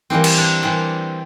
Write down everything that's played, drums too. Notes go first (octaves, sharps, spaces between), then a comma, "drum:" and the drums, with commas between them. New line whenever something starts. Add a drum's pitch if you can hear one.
E3 G3 A#3 C4
drum: cymbal
D4
E3 G3 C4